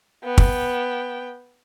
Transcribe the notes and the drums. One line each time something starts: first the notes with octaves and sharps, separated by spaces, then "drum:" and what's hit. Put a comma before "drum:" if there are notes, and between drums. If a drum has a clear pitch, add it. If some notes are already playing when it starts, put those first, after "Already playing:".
B3 G5
drum: kick